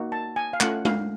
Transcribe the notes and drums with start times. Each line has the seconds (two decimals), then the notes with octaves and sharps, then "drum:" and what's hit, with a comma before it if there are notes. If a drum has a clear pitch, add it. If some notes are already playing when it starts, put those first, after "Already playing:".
Already playing: A#3 D#4 F#4
0.12 A5
0.36 G#5
0.53 F5
0.61 A3 C#4 F4 F#5, drum: clap
0.85 F5, drum: tom G#3